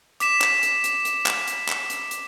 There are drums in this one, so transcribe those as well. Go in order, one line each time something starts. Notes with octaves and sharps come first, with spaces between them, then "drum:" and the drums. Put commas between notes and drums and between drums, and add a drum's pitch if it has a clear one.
D6 B6 E7, drum: hi-hat
drum: clap
drum: hi-hat
drum: hi-hat
drum: hi-hat
drum: clap
drum: hi-hat
drum: clap
drum: hi-hat
drum: hi-hat